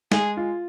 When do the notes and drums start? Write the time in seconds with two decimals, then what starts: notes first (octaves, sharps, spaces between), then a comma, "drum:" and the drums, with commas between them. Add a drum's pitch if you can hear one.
0.12 G#3 G#4, drum: snare
0.37 F4